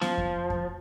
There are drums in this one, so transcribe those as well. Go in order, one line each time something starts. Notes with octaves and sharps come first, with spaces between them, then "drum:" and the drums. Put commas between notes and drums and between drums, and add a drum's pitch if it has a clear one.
F3, drum: snare B3
drum: kick F2
drum: kick F2